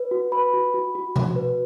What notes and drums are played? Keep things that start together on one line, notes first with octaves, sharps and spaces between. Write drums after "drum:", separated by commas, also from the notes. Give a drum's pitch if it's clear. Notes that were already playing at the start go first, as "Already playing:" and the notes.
Already playing: B4
F#4
B4 B5
F#4
F#4
F#4
F#4, drum: tom B2
B4